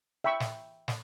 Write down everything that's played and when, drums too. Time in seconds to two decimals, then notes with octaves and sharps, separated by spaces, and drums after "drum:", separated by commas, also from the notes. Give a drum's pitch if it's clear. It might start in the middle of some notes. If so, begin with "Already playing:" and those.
0.24 E5 G5 B5 C#6
0.40 drum: snare
0.88 drum: snare